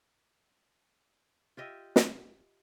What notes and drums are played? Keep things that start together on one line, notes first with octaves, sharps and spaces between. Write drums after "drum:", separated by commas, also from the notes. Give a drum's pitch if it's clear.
F4 G4 D#5 E5
drum: snare